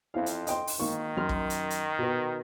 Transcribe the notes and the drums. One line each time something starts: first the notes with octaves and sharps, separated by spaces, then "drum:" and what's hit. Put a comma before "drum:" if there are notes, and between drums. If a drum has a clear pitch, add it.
F2 C4 E4 F5
drum: hi-hat
D#5 G5 C6, drum: hi-hat
drum: open hi-hat
G#1 D#3 A#3 C#6
F#2 C6 F6
drum: kick
drum: hi-hat
drum: hi-hat
B2 B3